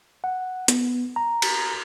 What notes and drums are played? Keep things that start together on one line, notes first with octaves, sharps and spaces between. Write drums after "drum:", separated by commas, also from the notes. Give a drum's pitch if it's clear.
F#5
B3, drum: hi-hat
A#5
drum: cymbal